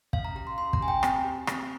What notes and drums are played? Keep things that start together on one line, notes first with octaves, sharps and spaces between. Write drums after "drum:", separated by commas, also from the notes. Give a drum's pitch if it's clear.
C#4 F5, drum: kick
A#5
G4 A#5
C6
C#4 C6
A#5, drum: kick
G4 G#5
G5
C4, drum: rim click
G4
C4, drum: rim click